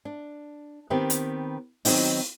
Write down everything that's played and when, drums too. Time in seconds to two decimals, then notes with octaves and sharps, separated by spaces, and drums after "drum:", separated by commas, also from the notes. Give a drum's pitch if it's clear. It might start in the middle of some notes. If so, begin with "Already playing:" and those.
0.05 D4
0.90 D#3 B3 C4 G4 B4
1.10 drum: hi-hat
1.85 D#3 F#3 B3 C4 D#4, drum: open hi-hat